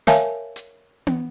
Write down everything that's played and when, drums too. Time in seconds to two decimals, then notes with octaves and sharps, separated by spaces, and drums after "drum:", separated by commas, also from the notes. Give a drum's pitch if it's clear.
0.07 A#4 C#5 E5 F5 G#5 A5, drum: snare
0.56 drum: hi-hat
1.07 drum: tom B3